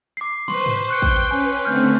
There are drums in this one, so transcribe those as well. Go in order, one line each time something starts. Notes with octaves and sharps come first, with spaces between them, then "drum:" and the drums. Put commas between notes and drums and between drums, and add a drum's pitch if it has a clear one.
D6 C7
B4 C5 C6 C#6, drum: snare
drum: tom G#2
G5 C#6 F#6 G6 C#7
drum: kick
C#4 B4 G#5
D3 A3 C4 F6 G6